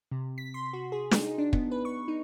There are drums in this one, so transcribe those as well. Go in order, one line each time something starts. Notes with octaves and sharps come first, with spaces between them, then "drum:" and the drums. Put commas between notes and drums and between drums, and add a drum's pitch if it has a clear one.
C3
B6
C6
F#4
G#4
drum: snare
D#4
D4
B3, drum: kick
B4
C#6
D#4